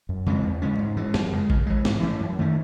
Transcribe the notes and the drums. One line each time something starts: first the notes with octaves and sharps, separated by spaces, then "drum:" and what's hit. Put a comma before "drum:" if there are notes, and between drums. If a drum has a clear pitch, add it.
F#2
C#3 G#3 C4
E2
C#3 G#3 C#4
G#2
E3 G#3
F#2, drum: snare
C#3 G#3
C#3, drum: kick
E3 G#3
G#2, drum: snare
E3 A3 C#4
F#2
D#3 A3 C#4